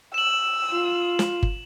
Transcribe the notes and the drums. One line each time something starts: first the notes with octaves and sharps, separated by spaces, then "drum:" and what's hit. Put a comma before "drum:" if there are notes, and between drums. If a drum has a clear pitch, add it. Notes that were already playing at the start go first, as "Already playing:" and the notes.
E6 E7 F#7
F4
drum: snare
drum: kick